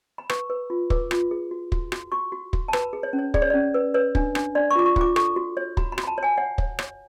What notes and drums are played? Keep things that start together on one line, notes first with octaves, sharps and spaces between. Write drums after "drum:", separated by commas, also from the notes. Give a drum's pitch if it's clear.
B5
B4 C#6, drum: rim click
B4
F4
B4 D6, drum: kick
F4, drum: rim click
G#4
F#4
F#4, drum: kick
F#4, drum: rim click
F#4 C#6
F#4
F#4, drum: kick
A5
B4 B5, drum: rim click
G#4
C#5
C#4
C#5
G#4 D5, drum: kick
C#5
C#4 D5
B4
B4 C#5
D4, drum: kick
D4, drum: rim click
D4 D5
C#6
F4 D6
C#6
F4 D6, drum: kick
A4 C#6, drum: rim click
F#4
C#5
F#4 B5, drum: kick
B5
F#4, drum: rim click
B5
A5
C#5 G#5
C#5 F#5
C#5, drum: kick
C#5, drum: rim click